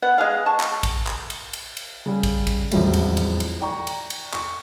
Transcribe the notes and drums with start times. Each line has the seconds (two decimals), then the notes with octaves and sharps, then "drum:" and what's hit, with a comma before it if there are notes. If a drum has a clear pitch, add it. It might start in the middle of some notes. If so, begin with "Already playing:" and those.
0.02 B3 F#5
0.18 G#3 G#4 F5
0.46 A5 C#6
0.60 drum: clap
0.83 drum: kick, cymbal
1.07 drum: clap
1.30 drum: cymbal
1.53 drum: cymbal
1.77 drum: cymbal
2.06 C#3 G3
2.23 drum: kick, cymbal
2.47 drum: kick, cymbal
2.71 E1 A1 F2 F#3 G3 A3, drum: cymbal
2.93 drum: cymbal
3.17 drum: cymbal
3.40 drum: cymbal
3.60 D5 G5 A#5 C#6
3.87 drum: cymbal
4.10 drum: cymbal
4.34 C#6, drum: clap